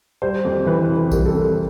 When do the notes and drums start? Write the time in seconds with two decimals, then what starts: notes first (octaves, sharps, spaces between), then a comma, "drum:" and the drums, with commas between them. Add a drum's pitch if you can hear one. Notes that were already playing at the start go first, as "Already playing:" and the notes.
0.22 G3 C5
0.45 F2
0.66 E3 B4
0.89 C3
1.11 G3 A#4, drum: kick A#1, tambourine
1.26 A4
1.34 F2
1.39 A#4